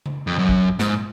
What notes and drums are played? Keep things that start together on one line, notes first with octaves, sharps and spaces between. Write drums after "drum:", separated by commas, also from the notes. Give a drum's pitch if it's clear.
drum: tom C#3
F2
F#2
drum: kick G#1
G#2, drum: snare